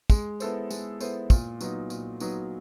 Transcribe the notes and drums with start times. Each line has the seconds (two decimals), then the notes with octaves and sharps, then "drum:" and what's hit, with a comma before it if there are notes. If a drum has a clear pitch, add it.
0.10 G#3, drum: kick, tambourine
0.40 B3 E4 A4 C5, drum: tambourine
0.71 G#3, drum: tambourine
1.00 B3 E4 A4 C5, drum: tambourine
1.30 A#2, drum: kick, tambourine
1.61 F#3 B3 D#4, drum: tambourine
1.90 A#2, drum: tambourine
2.20 F#3 B3 D#4, drum: tambourine